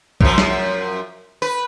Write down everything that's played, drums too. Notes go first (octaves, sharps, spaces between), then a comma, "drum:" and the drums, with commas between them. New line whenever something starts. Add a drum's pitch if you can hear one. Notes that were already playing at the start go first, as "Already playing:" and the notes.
F#2 F3, drum: kick B1
drum: snare
B4, drum: tambourine